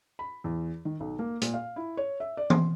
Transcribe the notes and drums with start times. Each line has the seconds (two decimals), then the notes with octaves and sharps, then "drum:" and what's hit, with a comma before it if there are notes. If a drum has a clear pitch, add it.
0.19 B5
0.44 E2
0.85 D#3
1.00 B1
1.19 A#3
1.41 A#2, drum: hi-hat
1.54 F5
1.76 E4
1.97 C#5
2.20 E5
2.37 D5
2.50 C6, drum: tom E3